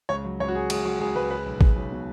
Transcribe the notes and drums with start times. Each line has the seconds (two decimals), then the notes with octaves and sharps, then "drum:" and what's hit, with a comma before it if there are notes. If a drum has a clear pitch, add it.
0.09 C#2 C#5
0.25 F#3
0.40 C#2 C#5
0.48 F#4
0.55 C#2 G#4
0.70 C#2 G#4, drum: cymbal
0.85 F#3 F#4
1.00 C#2 G#4
1.16 C#2 B4
1.31 G#3 B4
1.46 B1
1.61 G#3, drum: kick A1
1.76 B1
1.92 B2